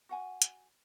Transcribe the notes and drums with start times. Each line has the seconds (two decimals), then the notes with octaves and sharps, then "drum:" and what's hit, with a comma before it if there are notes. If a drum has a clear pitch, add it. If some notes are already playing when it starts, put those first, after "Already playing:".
0.09 F#4 F#5 G#5
0.42 drum: hi-hat